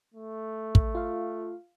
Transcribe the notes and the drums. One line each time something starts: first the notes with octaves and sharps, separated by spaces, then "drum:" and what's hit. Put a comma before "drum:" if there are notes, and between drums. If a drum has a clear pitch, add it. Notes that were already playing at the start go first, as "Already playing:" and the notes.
A3
drum: kick
F4 F5